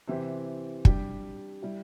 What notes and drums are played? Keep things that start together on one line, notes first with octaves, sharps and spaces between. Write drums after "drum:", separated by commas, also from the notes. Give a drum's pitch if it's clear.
C3 E3 C4 G4
G3 D4 G4, drum: kick
G3 E4 G4